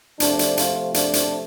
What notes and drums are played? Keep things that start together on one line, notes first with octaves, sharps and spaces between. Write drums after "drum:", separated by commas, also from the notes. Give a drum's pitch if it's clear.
C3 F3 A3 D4, drum: hi-hat
drum: hi-hat
F4, drum: hi-hat
D4, drum: hi-hat
drum: hi-hat